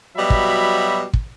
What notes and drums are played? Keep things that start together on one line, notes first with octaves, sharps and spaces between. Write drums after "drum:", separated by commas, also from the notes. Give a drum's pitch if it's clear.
B2 F#3 G3 D#5 E5 B5
drum: kick
drum: kick